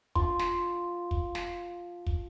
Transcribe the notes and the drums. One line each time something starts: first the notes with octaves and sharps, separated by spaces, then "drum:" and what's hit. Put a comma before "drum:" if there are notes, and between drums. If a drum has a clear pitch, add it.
F3 C6, drum: kick
drum: snare
drum: kick
drum: snare
drum: kick